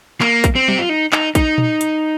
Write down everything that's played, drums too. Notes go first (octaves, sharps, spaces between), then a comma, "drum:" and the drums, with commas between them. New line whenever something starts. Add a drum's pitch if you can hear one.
A#3, drum: clap
drum: kick, hi-hat
C4
G4, drum: tom F#3
F4
D#4
D#4, drum: clap
D#4, drum: kick, hi-hat
drum: tom A#2
drum: hi-hat